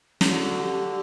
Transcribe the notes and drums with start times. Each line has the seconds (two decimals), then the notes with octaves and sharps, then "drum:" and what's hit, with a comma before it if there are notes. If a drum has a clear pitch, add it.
0.21 C#3, drum: snare
0.26 D3 F#4
0.61 G4